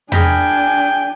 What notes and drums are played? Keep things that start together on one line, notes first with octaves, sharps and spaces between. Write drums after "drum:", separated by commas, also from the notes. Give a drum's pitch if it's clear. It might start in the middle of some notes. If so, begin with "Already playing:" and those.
D4 G#4 A#4 G5 G#5 B5, drum: tom E2